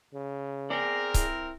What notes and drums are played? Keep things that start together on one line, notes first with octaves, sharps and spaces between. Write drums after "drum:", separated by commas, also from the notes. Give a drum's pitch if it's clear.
C#3
C4 G#4 A#4 D5
E4, drum: kick C#1, hi-hat